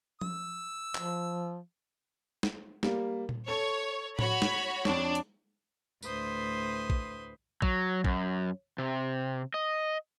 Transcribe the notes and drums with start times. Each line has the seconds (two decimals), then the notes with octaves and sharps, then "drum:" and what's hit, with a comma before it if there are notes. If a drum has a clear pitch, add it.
0.21 E6, drum: tom F3
0.95 F3, drum: clap
2.43 drum: snare
2.83 G3 A#3, drum: snare
3.29 drum: tom A#2
3.48 A4 C#5
4.19 F#4 C#5 B5, drum: tom A2
4.42 drum: snare
4.85 F2 D4 C#5, drum: snare
5.15 drum: hi-hat
6.02 D2 A2 B4 C5 C6 D#6, drum: tambourine
6.90 drum: kick
7.62 F#3, drum: kick
8.04 F#2, drum: kick
8.78 C3
9.54 D#5